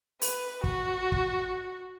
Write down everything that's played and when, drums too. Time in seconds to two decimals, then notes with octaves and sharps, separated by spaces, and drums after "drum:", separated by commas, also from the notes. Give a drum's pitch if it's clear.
0.22 B4, drum: open hi-hat
0.64 F#4, drum: kick
1.12 drum: kick